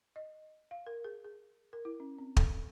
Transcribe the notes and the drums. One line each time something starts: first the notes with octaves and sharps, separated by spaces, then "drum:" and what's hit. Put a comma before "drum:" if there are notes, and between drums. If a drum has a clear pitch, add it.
D#5
F5
A#4
G#4
G#4
A#4
E4
C#4
C4
A4, drum: kick